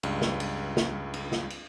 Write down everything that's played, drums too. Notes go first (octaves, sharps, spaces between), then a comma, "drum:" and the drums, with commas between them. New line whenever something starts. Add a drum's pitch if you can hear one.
C#2 G2, drum: cymbal
drum: snare
drum: cymbal
drum: snare
drum: cymbal
drum: snare
drum: cymbal